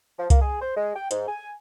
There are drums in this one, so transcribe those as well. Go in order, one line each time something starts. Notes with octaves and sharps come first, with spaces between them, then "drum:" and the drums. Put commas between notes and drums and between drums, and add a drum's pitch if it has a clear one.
F3
A#3, drum: kick C2, hi-hat
G#4
C5
G#3
G5
G#2, drum: hi-hat
G#5